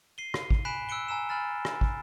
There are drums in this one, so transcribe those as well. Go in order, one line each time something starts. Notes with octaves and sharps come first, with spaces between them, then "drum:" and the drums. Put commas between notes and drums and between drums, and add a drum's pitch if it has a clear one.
C7 D#7 G7
drum: rim click
drum: kick
G#5 B5 F#6 B6 D7 E7
E6 F#6 C#7 D7 G7
G#5 A#5 E6 E7
G#5 B5 F6 A6 E7
drum: rim click
drum: kick